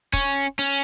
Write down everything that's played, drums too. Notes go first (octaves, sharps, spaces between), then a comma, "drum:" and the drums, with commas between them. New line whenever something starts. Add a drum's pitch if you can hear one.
C#4, drum: kick
C#4